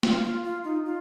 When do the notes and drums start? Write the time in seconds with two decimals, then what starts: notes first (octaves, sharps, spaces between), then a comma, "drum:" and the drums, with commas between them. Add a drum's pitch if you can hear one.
0.03 F4, drum: snare
0.23 F4
0.44 F4
0.64 D#4
0.85 F4